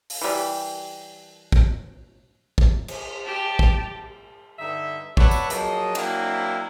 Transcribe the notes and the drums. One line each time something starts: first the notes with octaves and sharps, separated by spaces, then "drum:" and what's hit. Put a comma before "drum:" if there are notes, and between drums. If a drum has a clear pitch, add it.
drum: open hi-hat
E3 G3
drum: kick
drum: kick
drum: cymbal
G4 A5
drum: kick
G2 D3 D#4 E5
A4 B4 C#5 D5 E5 F#5, drum: kick
drum: tambourine
F3 F#3 A#3 G#4 D#5, drum: hi-hat
F#3 A#3 C4 D4 E4, drum: cymbal